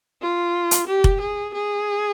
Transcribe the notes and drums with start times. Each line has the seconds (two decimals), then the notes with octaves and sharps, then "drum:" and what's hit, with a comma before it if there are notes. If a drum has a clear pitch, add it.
0.22 F4
0.71 drum: hi-hat
0.87 G4
1.04 drum: kick F1
1.21 G#4
1.54 G#4